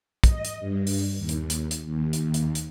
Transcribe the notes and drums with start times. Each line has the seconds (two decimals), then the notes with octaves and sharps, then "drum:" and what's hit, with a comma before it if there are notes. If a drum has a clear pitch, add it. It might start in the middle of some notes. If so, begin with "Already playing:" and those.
0.24 D#5, drum: kick, hi-hat
0.45 drum: hi-hat
0.59 G2
0.87 drum: open hi-hat
1.17 D#2
1.29 drum: hi-hat
1.50 drum: hi-hat
1.71 drum: hi-hat
1.85 D#2
2.13 drum: hi-hat
2.34 drum: hi-hat
2.55 drum: hi-hat